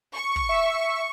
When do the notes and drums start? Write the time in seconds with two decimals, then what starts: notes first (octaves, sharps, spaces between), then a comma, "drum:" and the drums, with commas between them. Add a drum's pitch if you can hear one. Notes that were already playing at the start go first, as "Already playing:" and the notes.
0.14 C#6
0.36 drum: kick
0.49 E5